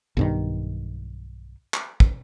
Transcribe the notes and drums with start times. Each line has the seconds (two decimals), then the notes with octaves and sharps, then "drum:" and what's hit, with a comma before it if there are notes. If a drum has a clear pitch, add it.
0.17 B1 G2 D#3
1.74 drum: clap
2.00 drum: kick